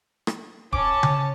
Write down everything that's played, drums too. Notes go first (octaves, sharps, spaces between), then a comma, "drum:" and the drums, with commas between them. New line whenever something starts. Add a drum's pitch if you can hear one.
drum: rim click
C#4 A5 D6, drum: kick D#1
drum: tom C#3